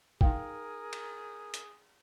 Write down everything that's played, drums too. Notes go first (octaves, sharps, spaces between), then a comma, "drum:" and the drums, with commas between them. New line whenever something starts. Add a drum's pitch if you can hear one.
D#4 G#4 A#4 F5 G5, drum: kick
drum: cymbal
drum: hi-hat